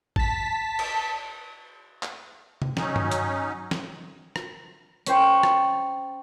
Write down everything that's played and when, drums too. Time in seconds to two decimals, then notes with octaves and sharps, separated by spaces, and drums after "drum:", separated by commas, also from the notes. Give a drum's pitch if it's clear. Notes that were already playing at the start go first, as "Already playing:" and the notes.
0.16 A5 B6, drum: kick G#1
0.79 drum: cymbal
2.03 drum: clap
2.62 drum: tom C3
2.77 F#3 C#4 D#4, drum: snare
2.96 drum: tom G2
3.11 drum: hi-hat
3.71 drum: snare
4.36 drum: rim click
5.06 C#4 C5 G5 C#6, drum: hi-hat
5.43 drum: rim click